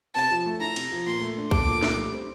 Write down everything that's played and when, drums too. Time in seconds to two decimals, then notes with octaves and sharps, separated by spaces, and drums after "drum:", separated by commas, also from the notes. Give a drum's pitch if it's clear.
0.15 C3 A5
0.31 F3
0.46 A3
0.61 E4 A#5
0.76 C3, drum: cymbal
0.92 F3
1.07 A#2 C6
1.21 A3
1.37 D4
1.51 A4 D6, drum: kick
1.67 A#2
1.83 A3, drum: snare
1.97 G3
2.12 C4